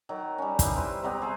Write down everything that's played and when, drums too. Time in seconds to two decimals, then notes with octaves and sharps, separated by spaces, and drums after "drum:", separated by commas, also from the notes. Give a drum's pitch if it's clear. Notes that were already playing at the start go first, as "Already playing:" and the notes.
0.09 D#3 F#3
0.38 G3 C#4
0.59 D#4 E4 G4 B4, drum: kick, hi-hat
0.76 B4 C5 E5
1.02 C3 F#3 G3 B3
1.22 G#4 C5